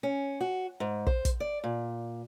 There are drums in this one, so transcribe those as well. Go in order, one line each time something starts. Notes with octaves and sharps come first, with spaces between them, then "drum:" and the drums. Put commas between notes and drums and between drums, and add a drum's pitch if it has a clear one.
C#4
F#4
G#2
C5, drum: kick
drum: kick, hi-hat
D5
A#2